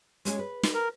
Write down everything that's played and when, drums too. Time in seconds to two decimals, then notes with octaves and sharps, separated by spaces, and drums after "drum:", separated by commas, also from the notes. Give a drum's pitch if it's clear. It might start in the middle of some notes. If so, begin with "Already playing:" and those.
0.25 G#3 C#4 G#4, drum: hi-hat
0.39 B4
0.63 drum: snare
0.74 A#4